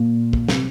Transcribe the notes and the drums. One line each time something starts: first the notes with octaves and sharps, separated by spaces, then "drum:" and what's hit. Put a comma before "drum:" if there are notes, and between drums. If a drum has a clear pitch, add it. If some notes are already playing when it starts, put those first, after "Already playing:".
Already playing: A#2
drum: kick
C3, drum: snare